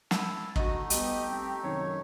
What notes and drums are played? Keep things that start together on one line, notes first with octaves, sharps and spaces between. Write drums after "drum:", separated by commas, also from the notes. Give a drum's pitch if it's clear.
E4 A5, drum: snare
D3 A3 D#4 F#4 D#5, drum: kick
G3 B3 G4 D#5, drum: hi-hat
C4
F#2 C3 D#3 C#5